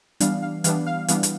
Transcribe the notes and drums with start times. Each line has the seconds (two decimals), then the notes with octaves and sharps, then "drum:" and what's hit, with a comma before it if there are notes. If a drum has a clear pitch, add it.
0.20 E3 G3 B3 D4 F5, drum: hi-hat
0.43 F5
0.64 E3 G3 B3 D4 F5, drum: hi-hat
0.87 F5
1.08 E3 G3 B3 D4 F5, drum: hi-hat
1.23 drum: hi-hat